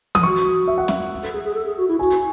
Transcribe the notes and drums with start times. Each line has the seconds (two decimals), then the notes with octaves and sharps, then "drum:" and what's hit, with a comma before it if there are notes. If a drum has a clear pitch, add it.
0.15 D#6, drum: tom
0.23 F#4 C#6
0.68 E5
0.78 F#5
0.88 E5, drum: snare
1.22 A4
1.33 G#4
1.44 G#4
1.54 A4
1.66 G#4
1.77 F#4
1.88 E4
1.99 F#4 G#5